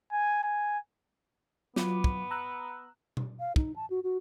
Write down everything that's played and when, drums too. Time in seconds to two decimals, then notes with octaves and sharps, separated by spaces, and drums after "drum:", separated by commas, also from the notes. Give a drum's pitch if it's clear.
0.12 G#5
0.43 G#5
1.76 F#3 B3 F4 D6, drum: snare
2.04 drum: kick
2.31 A#5 E6 F#6
3.17 drum: tom B2
3.40 F5
3.56 D#4, drum: kick
3.76 A5
3.90 F#4
4.04 F#4